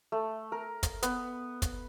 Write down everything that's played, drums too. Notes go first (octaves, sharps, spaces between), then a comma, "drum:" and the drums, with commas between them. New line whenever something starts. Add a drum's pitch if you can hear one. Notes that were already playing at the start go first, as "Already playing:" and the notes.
A3
A#4
drum: kick, hi-hat
B3, drum: hi-hat
drum: kick, hi-hat